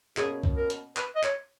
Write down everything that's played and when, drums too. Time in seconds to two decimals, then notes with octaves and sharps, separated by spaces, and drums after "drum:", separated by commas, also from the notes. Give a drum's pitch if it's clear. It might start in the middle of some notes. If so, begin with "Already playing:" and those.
0.17 B2 A#3 C#4 G#4, drum: clap
0.43 drum: kick C2
0.57 A#4
0.70 drum: hi-hat
0.97 B4, drum: clap
1.15 D#5
1.24 C#5, drum: clap